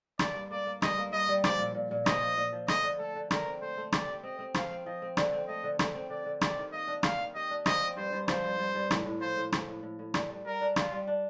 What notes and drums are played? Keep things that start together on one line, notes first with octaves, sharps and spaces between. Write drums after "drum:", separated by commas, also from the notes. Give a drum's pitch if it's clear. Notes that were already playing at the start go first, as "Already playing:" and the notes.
A#3 D5, drum: rim click
G2
A#3 D5
A#3
G2 D#5, drum: rim click
A#3
G2 D#5
G3
F3 D5, drum: rim click
A#2
A#2
A#2
F3 D#5, drum: rim click
F3
A#2
F3
A3 D#5, drum: rim click
D3
A3 A4
D3
D3 A#4, drum: rim click
C4
A3 C5
A3
G4 D5, drum: rim click
G4
C4 D#5
C4
F3 F5, drum: rim click
C4
F3 D#5
C4
D3, drum: rim click
C4
A3 D#5
D3
D3, drum: rim click
C4
D3 D5
D3
G4 D5, drum: rim click
D#3
A#3 D#5
D4
A#3 F5, drum: rim click
D#3
G4 D#5
D4
F3 D#5, drum: rim click
C4
G2 C5
G2
F3 C5, drum: rim click
G2
G2
G2
A2, drum: rim click
A2
F3 C5
A2
F3, drum: rim click
A2
A2
A2
D4, drum: rim click
G3
G3 A#4
D4
D4 F4, drum: rim click
G3
D4